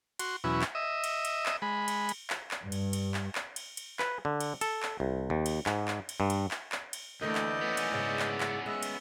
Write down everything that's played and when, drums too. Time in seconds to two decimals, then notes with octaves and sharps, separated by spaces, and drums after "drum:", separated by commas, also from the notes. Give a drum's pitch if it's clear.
0.19 F#4 C6, drum: cymbal
0.44 E2 B2 F#3 C#4 E4
0.62 drum: clap
0.75 D#5 E5
1.04 drum: cymbal
1.25 drum: cymbal
1.46 drum: clap
1.62 G#3 B5
1.88 drum: cymbal
2.09 drum: cymbal
2.30 drum: clap
2.51 drum: clap
2.63 G2
2.72 drum: cymbal
2.93 drum: cymbal
3.14 drum: clap
3.35 drum: clap
3.56 drum: cymbal
3.77 drum: cymbal
3.99 B4, drum: clap
4.25 D3
4.40 drum: cymbal
4.61 A4, drum: cymbal
4.83 drum: clap
5.00 C2
5.30 D#2
5.46 drum: cymbal
5.66 G#2, drum: clap
5.88 drum: clap
6.09 drum: cymbal
6.20 G2
6.30 drum: cymbal
6.51 drum: clap
6.72 drum: clap
6.93 drum: cymbal
7.21 D2 E3 A3 A#3 E4 D5 D#5 G6
7.35 drum: clap
7.61 B3 C#4
7.77 drum: cymbal
7.92 G#2 C#3
8.19 drum: clap
8.40 drum: clap
8.66 G#3 E5 F#5
8.83 drum: cymbal